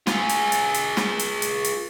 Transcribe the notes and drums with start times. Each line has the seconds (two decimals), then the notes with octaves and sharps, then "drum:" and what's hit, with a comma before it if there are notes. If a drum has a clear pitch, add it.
0.07 F4 G#4, drum: snare
0.29 drum: hi-hat
0.52 drum: hi-hat
0.74 drum: hi-hat
0.97 drum: snare
1.19 drum: hi-hat
1.42 drum: hi-hat
1.64 drum: hi-hat